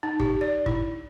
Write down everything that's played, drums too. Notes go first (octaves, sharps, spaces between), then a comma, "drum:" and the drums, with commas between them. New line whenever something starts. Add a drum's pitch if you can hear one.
D#4
G4, drum: kick
D5
E4, drum: kick